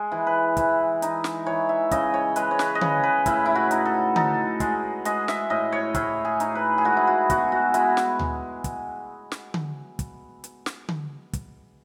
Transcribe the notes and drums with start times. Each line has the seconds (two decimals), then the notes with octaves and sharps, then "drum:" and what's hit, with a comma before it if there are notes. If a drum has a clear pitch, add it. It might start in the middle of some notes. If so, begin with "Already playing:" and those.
Already playing: G#3
0.12 E3
0.27 B4
0.57 E3, drum: kick, hi-hat
1.02 D#4, drum: hi-hat
1.24 drum: snare
1.46 E3 C#5
1.69 E5
1.91 C#3 D#5, drum: kick, hi-hat
2.14 C#5
2.36 G#3 B4, drum: hi-hat
2.51 C#5
2.59 B4, drum: snare
2.75 D#5
2.81 C#3 C#5, drum: tom D3
3.03 B4
3.26 A2 E4, drum: kick, hi-hat
3.46 E4
3.55 F#4
3.71 D#4, drum: hi-hat
3.85 A4
4.16 D#4 A4, drum: tom D3
4.60 G#3, drum: kick, hi-hat
5.05 G#3 D#5, drum: hi-hat
5.28 E5, drum: snare
5.50 A2 D#5
5.72 C#5
5.95 A2 C#5, drum: kick, hi-hat
6.25 G#4
6.40 D#4, drum: hi-hat
6.55 B4
6.78 G#4
6.85 G#3 F#4
6.97 E4
7.07 F#4
7.30 B3 F#4, drum: kick, hi-hat
7.52 F#4
7.74 G#3 E4, drum: hi-hat
7.97 drum: snare
8.19 drum: tom D2
8.64 drum: kick, hi-hat
9.32 drum: snare
9.54 drum: tom D3
9.99 drum: kick, hi-hat
10.44 drum: hi-hat
10.66 drum: snare
10.89 drum: tom D3
11.33 drum: kick, hi-hat